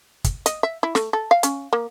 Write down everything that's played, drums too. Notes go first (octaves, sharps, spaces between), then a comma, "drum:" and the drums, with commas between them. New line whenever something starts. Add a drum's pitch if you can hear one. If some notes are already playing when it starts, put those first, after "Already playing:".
drum: kick, hi-hat
D#5, drum: hi-hat
E5
E4
A3, drum: snare
A4
F5
C#4, drum: hi-hat
A#3